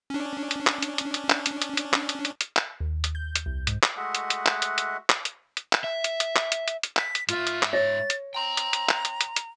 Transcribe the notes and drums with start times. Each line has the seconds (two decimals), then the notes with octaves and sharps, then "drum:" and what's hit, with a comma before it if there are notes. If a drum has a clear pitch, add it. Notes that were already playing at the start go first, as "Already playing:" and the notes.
0.10 C#4 D4
0.51 drum: hi-hat
0.67 drum: clap
0.82 drum: hi-hat
0.98 drum: hi-hat
1.14 drum: hi-hat
1.30 drum: clap
1.46 drum: hi-hat
1.62 drum: hi-hat
1.77 drum: hi-hat
1.93 drum: clap
2.09 drum: hi-hat
2.25 drum: hi-hat
2.41 drum: hi-hat
2.56 drum: clap
2.80 D#2
3.04 drum: hi-hat
3.15 G6
3.36 drum: hi-hat
3.46 C2
3.67 G#2, drum: hi-hat
3.83 drum: clap
3.97 G#3 A3 F#4 D#5 E5 F#5
4.15 drum: hi-hat
4.30 drum: hi-hat
4.46 drum: clap
4.62 drum: hi-hat
4.78 drum: hi-hat
5.09 drum: clap
5.25 drum: hi-hat
5.57 drum: hi-hat
5.73 drum: clap
5.84 E5
6.04 drum: hi-hat
6.20 drum: hi-hat
6.36 drum: clap
6.52 drum: hi-hat
6.68 drum: hi-hat
6.83 drum: hi-hat
6.97 B6, drum: clap
7.15 drum: hi-hat
7.29 G#2 F4 E5, drum: hi-hat
7.47 drum: hi-hat
7.62 drum: clap
7.73 C#5 A6 A#6
8.10 drum: hi-hat
8.34 G5 A#5 C6
8.57 drum: hi-hat
8.73 drum: hi-hat
8.89 drum: clap
9.05 drum: hi-hat
9.21 drum: hi-hat
9.36 drum: hi-hat